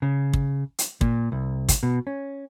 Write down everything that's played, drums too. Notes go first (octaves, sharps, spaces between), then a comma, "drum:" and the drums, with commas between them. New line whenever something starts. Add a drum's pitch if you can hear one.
C#3
drum: kick
drum: hi-hat
A#2, drum: kick
C2
drum: kick, hi-hat
B2
C#4